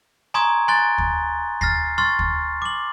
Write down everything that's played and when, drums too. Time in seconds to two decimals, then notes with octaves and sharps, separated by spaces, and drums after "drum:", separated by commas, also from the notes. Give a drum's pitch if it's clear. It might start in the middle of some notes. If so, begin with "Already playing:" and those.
0.34 G#5 A#5 C6 C#6 D#6 G#6
0.68 G#5 C6 F#6 A6 G7
0.98 drum: kick
1.61 F6 A6 A#6 C7, drum: kick
1.98 C6 C#6 F6 A6
2.19 drum: kick
2.62 D6 F#7